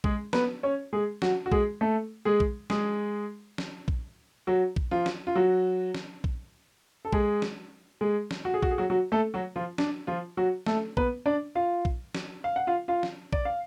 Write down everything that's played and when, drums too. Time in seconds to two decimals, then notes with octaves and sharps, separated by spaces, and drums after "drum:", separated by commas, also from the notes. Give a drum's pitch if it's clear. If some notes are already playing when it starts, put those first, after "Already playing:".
0.04 G#3 G#4, drum: kick A#1
0.33 B3 B4, drum: snare
0.63 C#4 C#5
0.93 G#3 G#4
1.22 F#3 F#4, drum: snare
1.46 F#4
1.52 G#3 G#4, drum: kick A#1
1.81 A3 A4
2.25 G#3 G#4
2.40 drum: kick A#1
2.70 G#3 G#4, drum: snare
3.58 drum: snare
3.88 drum: kick A#1
4.47 F#3 F#4
4.76 drum: kick A#1
4.91 F3 F4
5.06 drum: snare
5.27 F4
5.35 F#3 F#4
5.95 drum: snare
6.24 drum: kick A#1
7.05 A4
7.13 G#3 G#4, drum: kick A#1
7.42 drum: snare
8.01 G#3 G#4
8.31 drum: snare
8.45 F#4
8.54 G#4
8.63 F#4, drum: kick A#1
8.71 G#4
8.78 F#3 F#4
8.90 F#3 F#4
9.12 A3 A4
9.34 F#3 F#4
9.56 F3 F4
9.78 D4, drum: snare
10.07 F3 F4
10.37 F#3 F#4
10.66 A3 A4, drum: snare
10.97 B3 B4, drum: kick A#1
11.26 D4 D5
11.55 F4 F5
11.85 drum: kick A#1
12.15 drum: snare
12.44 F5
12.56 F#5
12.67 F4 F5
12.88 F4 F5
13.03 drum: snare
13.33 D5, drum: kick A#1
13.45 F5